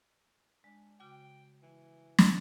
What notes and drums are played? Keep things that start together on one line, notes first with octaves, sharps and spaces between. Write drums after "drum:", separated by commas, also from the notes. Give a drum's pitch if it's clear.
G#3 D4
C#3 F#4 G5 D6
E3
drum: snare